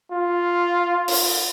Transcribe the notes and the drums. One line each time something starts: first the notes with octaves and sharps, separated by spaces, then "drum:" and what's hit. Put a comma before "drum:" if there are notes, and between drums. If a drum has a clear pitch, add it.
F4
drum: open hi-hat